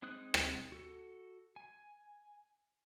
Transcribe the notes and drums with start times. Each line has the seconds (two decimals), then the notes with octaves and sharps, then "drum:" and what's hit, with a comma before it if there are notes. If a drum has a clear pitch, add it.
0.02 G#3 C4 D#4 D#6 F#6
0.34 drum: rim click
0.72 F#4 A4
1.56 G#5